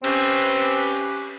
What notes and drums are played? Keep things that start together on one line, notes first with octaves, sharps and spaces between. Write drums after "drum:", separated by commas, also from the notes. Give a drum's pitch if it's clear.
C4 C#4 G4 B4, drum: cymbal